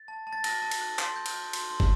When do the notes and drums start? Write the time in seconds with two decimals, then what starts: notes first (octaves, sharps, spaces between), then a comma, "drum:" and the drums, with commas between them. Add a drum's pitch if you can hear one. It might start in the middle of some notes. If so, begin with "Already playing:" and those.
Already playing: A6
0.08 A5
0.27 A5
0.33 A6
0.44 A5 A#6, drum: cymbal
0.62 A5
0.71 drum: cymbal
0.81 F#6
0.99 C6, drum: clap
1.16 G6
1.26 drum: cymbal
1.35 G6
1.53 C6, drum: cymbal
1.70 C6
1.80 drum: kick